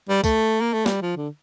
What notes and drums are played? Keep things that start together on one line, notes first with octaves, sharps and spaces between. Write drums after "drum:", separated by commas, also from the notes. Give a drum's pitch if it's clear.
G3
A3, drum: kick, tambourine
A#3
A3
G3, drum: snare
F3
D3